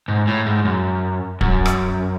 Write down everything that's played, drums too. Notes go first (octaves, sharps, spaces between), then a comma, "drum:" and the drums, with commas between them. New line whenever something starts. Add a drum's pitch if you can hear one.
G#2
A2
G#2
F#2
F#2, drum: kick
drum: rim click